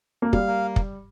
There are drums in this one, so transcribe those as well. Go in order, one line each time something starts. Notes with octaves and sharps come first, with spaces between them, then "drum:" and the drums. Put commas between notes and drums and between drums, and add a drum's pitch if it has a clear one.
A#3
G3 F5, drum: kick
A#3
drum: kick